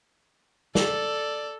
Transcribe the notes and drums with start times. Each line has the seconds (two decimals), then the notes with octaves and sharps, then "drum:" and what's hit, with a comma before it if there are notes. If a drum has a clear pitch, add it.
0.75 A4 D5, drum: snare